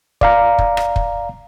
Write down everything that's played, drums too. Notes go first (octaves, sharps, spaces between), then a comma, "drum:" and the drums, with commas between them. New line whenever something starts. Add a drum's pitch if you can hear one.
D5 F5 A#5, drum: kick
drum: kick
drum: rim click
drum: kick